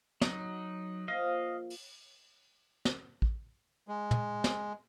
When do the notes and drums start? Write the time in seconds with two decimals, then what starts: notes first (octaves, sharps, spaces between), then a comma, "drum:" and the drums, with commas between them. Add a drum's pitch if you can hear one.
0.21 F#3 D#4, drum: snare
1.08 F3 A#3 D#5 F5
1.70 drum: open hi-hat
2.85 drum: snare
3.22 drum: kick A1
3.88 G#3
4.11 drum: tom
4.44 drum: snare